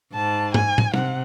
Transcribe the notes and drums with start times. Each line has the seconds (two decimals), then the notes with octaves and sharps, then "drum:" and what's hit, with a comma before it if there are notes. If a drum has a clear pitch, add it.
0.14 G#2 A5
0.54 G#5, drum: tom G#2
0.78 drum: tom
0.94 C3 F#5, drum: tom